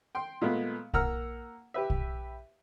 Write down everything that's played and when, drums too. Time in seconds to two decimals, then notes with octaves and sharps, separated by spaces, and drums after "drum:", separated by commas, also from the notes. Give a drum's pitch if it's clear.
0.15 G5 C6
0.41 A#2 G#3 A3 B3
0.94 A#3 F#5 A#5 E6 F6, drum: kick
1.74 G4 B4 E5
1.90 drum: kick